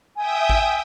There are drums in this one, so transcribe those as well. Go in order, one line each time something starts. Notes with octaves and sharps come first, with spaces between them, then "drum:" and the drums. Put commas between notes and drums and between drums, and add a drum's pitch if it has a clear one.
E5 G5 G#5 D#6
drum: kick G#1